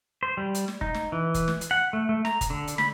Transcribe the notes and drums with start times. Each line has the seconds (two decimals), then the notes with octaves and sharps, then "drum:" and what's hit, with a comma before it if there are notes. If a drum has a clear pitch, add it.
0.23 C5
0.37 G3
0.55 drum: hi-hat
0.68 drum: snare
0.81 D#4, drum: kick F1
0.94 drum: snare
1.12 E3
1.34 drum: kick F1, hi-hat
1.48 drum: snare
1.61 drum: hi-hat
1.71 F#5
1.93 A3
2.09 A3
2.25 A#5, drum: snare
2.41 drum: kick F1, hi-hat
2.50 D3
2.67 drum: hi-hat
2.78 B5, drum: snare